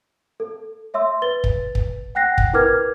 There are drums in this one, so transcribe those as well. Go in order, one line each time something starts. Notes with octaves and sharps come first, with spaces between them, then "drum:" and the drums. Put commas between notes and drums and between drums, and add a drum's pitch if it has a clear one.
A4
C#5 E5 C6 E6
B4 A6 G7
drum: kick
drum: kick
F#5 G5 F#6 A#6 C7
drum: kick
E4 A#4 B4 D6 F6 G#6